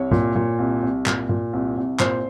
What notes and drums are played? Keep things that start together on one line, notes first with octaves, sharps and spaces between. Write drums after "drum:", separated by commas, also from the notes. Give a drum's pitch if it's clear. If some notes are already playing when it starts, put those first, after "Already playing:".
Already playing: C2 C#5
A#2, drum: kick C#2
A#2
C2
C2
A#2, drum: clap
A#2
C2
C2
A#2 C5, drum: clap